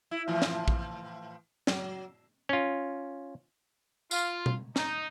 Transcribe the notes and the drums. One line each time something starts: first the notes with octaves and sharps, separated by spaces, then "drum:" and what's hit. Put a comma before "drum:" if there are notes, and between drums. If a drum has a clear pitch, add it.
E4
A2 E3 F3
drum: snare
drum: kick A#1
F#3, drum: snare
C#4 F4
F4, drum: tambourine
drum: tom B2
D#4, drum: snare